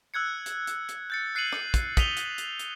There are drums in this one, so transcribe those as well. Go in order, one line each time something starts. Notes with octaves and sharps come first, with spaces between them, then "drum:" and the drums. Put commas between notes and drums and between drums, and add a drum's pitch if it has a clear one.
E6 F#6 G#6 C#7
drum: hi-hat
drum: hi-hat
drum: hi-hat
G6 A6 C#7
F#6 C7 C#7 D#7 F#7
drum: rim click
drum: kick, hi-hat
D#6 B6 D#7 F7 G7, drum: kick, hi-hat
drum: hi-hat
drum: hi-hat
drum: hi-hat